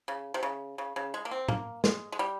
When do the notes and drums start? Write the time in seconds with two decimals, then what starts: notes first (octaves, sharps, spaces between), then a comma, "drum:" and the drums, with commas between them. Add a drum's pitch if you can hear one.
0.08 C#3
0.34 C3
0.43 C#3
0.78 C#3
0.96 C#3
1.14 G#3
1.25 A#3
1.31 C4
1.48 A#3, drum: tom A2
1.84 G#3, drum: snare
2.12 G#3
2.19 G3